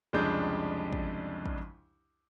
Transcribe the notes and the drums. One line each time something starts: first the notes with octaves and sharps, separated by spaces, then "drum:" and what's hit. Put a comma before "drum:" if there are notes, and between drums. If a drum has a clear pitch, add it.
C2 F2 C#3 G#3 D4 G6
drum: kick
drum: kick